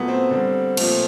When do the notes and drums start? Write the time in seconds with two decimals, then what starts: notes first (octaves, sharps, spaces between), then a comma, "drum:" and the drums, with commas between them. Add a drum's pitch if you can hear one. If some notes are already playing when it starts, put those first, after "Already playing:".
Already playing: A#2 F#3 A3 B3
0.08 C4
0.31 D3 G3
0.77 A#2 F3 A3, drum: cymbal